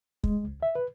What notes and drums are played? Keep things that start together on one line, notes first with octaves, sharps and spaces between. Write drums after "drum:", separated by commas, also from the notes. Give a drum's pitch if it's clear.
G#3, drum: kick
C#2
E5
B4